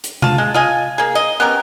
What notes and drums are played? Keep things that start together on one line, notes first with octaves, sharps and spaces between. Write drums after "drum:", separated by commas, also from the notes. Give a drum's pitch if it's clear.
drum: hi-hat
F4 A5, drum: tom C3
G#3
F4 D#5 G#5
A#3 G#4
D#5
B3 C#4 G4 A#4